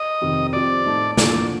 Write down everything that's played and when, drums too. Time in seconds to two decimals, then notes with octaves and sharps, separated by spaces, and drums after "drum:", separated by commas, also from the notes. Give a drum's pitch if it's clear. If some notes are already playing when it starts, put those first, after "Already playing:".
Already playing: D#5
0.21 F2 C3 D#3
0.53 F3 C4 G4 D5
0.85 A2 A3 D#4
1.17 D3 F3 A#3 F4 D5, drum: snare